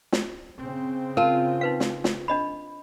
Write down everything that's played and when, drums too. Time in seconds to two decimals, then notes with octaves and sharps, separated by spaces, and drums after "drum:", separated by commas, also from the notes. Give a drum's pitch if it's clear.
0.12 drum: snare
0.59 C#3 C4
1.17 F4 A#4 A5
1.61 D#4 B4 F5
1.80 drum: snare
2.04 drum: snare
2.28 D4 D#5 B5